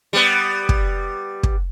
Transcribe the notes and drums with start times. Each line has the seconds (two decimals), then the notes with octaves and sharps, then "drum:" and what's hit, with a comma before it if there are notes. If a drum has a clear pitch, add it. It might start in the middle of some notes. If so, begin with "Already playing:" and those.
0.13 G3 B3
0.69 drum: kick
1.43 drum: kick